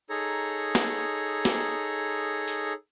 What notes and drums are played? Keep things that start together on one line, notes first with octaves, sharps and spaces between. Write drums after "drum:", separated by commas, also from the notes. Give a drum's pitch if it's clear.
D#4 G#4 A4 C#5 A#5
drum: snare
drum: snare
drum: open hi-hat